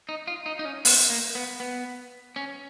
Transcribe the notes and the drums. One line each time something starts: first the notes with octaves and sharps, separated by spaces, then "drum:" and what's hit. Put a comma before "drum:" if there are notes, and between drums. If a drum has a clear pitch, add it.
D#4
F4
D#4
D#4
C#4
B3, drum: open hi-hat
A#3
B3
B3
C#4